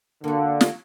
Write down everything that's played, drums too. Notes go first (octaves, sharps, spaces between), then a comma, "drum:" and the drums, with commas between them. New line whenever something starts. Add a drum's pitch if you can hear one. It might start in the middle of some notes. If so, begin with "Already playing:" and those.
D3 A#3 F#4
drum: snare